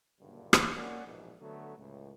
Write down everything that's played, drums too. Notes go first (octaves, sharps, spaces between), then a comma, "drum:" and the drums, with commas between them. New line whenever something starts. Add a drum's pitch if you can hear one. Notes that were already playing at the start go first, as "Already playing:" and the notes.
F#1 G2 A#2 D3
drum: rim click
A#3 C#4 D5 F#5
A#1 G#2 B2 E3
D3 F#3 A3 B3
C#2 A2